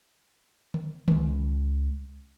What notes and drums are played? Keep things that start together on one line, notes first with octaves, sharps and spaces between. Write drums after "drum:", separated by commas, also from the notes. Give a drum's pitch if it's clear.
drum: tom D3
C#2 C#4, drum: tom D3